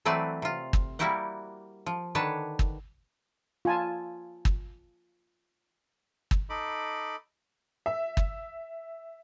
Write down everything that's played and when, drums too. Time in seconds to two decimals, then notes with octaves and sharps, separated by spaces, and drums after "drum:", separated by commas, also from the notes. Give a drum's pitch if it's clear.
0.05 E3 F#3 A3 C4 B4 D5
0.42 C3 F4
0.73 drum: kick
0.99 G3 A#3 E4 F#4 G4 F#5
1.86 F3
2.15 D3 D#3 D4 B4 C#5 A5
2.59 drum: kick
3.65 F4 G#5 A5
4.45 drum: kick
6.31 drum: kick
6.50 D#4 A4 D#5 B5 D6
7.86 E5
8.17 drum: kick